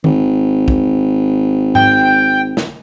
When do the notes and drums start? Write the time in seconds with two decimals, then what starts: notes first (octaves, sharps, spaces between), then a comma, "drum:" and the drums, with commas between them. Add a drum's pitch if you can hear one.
0.04 G#1, drum: tom D#3
0.68 drum: kick
1.75 G5, drum: tom G#2
2.57 drum: snare